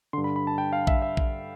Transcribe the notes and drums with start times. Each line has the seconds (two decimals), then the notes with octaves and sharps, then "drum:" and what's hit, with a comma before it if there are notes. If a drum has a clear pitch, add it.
0.13 G2 D3 C6
0.24 B5
0.36 B5
0.47 A5
0.58 G5
0.73 F5
0.87 E5, drum: kick A#1
1.02 E5
1.17 drum: kick A#1